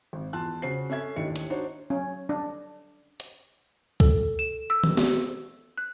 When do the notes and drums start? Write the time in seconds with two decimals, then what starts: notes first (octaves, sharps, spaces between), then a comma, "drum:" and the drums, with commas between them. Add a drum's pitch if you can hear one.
0.13 G#1
0.33 E2 F4 A5 F#6
0.62 C#3 F#4 C5 C7
0.90 C#4 A4 E5 G#6
1.16 A1 D#2 D#3 D4 E4 C#7
1.36 drum: hi-hat
1.50 D4 D#4 F#4 C5 C#5
1.90 C#4
2.29 D4
3.20 drum: hi-hat
4.00 A4, drum: kick
4.39 E7
4.70 E6
4.84 drum: tom D#3
4.97 drum: snare
5.78 F#6